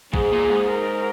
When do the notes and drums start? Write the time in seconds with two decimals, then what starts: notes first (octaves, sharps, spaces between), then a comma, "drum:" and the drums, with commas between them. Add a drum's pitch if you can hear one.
0.14 G#2 G#4, drum: kick A#1
0.33 A#2
0.50 G#2
0.68 A#4